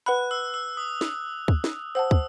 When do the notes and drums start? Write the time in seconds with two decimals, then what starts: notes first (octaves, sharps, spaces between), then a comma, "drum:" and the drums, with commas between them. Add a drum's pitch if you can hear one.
0.06 B4 F#5 B5 F#6
0.31 E6
0.54 E6
0.77 D#6
1.01 drum: snare
1.48 drum: kick
1.64 drum: snare
1.95 C5 F#5 A5 E6
2.11 drum: kick